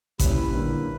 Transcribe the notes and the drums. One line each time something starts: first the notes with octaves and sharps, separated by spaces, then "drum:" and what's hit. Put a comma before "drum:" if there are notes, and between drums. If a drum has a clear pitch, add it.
A#2 G3 C#4 E4 B4, drum: kick A1, hi-hat
D3 A#3 E4